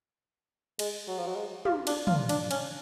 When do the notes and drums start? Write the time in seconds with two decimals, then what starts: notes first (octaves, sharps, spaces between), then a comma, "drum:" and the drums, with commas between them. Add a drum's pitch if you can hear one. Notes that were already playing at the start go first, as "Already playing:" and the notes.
0.79 G#3, drum: cymbal
1.08 F#3
1.18 F3
1.27 F#3
1.36 G#3
1.65 F4, drum: tom
1.87 D4, drum: cymbal
2.07 F4, drum: tom
2.29 D4, drum: cymbal
2.51 C#4, drum: cymbal